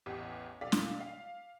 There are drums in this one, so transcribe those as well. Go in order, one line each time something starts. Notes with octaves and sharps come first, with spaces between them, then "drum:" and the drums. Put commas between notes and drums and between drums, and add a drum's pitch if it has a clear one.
A1 E2 G4
B1 A4 D5 F5 B6
drum: snare
F5